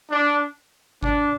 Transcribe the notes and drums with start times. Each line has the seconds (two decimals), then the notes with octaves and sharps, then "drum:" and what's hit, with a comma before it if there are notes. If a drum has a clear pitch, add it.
0.10 D4
1.03 D4, drum: kick G1